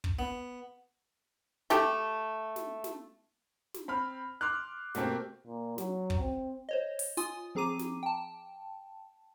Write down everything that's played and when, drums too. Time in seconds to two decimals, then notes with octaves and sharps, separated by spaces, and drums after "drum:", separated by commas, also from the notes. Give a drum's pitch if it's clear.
0.04 drum: kick
0.19 B3
1.70 A3 G4 A4, drum: snare
2.56 drum: snare
2.84 drum: snare
3.74 drum: snare
3.88 C4 B5 F6
4.41 C6 D6 F6 F#6
4.95 B2 A3 A#3 C4 G4, drum: snare
5.47 A#2
5.78 F#3, drum: snare
6.10 drum: kick
6.20 C4
6.69 C5 C#5 D#5
6.99 drum: open hi-hat
7.17 F4 G#5 C6 D#6, drum: hi-hat
7.55 F3 C4 G#4 A#5 D6 D#7
7.79 drum: snare
8.03 G5 A5